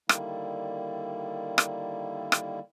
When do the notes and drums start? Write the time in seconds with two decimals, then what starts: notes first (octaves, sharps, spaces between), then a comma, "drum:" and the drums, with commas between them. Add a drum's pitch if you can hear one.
0.09 D3 D#3 G3 A#3 E4, drum: rim click
1.58 drum: rim click
2.32 drum: rim click